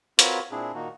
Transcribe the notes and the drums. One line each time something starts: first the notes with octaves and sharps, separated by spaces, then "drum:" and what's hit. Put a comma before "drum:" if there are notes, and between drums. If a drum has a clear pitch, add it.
C4 F4 F#4 A#4 B4 C#5, drum: hi-hat
A#2 C4 D4 E4 G#4
A#2 D#3 A#3 D#4 F#4